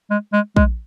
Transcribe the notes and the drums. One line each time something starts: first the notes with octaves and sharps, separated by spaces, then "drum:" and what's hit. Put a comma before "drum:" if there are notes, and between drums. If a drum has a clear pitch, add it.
G#3
G#3
G#3, drum: kick